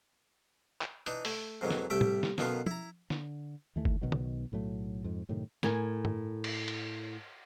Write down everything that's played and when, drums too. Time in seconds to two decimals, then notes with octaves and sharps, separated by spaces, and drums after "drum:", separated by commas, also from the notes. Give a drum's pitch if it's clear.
0.81 drum: clap
1.06 E3 D4 D#4, drum: hi-hat
1.25 A3, drum: open hi-hat
1.61 F2 G#2 D#3 E3 F#3
1.71 drum: snare
1.90 C2 G3 A3 G4 E5 G5
2.01 drum: tom
2.23 drum: snare
2.38 F#2 B2 D3 D#3 B3 F4, drum: snare
2.66 E4 A#5, drum: tom
3.10 D3, drum: snare
3.76 D#2 D#3 E3 A3
3.85 drum: kick F#1
4.01 B1 B2 D#3 F#3
4.12 drum: tom
4.52 B1 A2 F#3 A3
5.04 F2 G#2
5.29 F#2 A2 C3 D#3
5.63 A2 A#4 G#5, drum: snare
6.05 drum: tom
6.44 drum: cymbal
6.68 drum: cymbal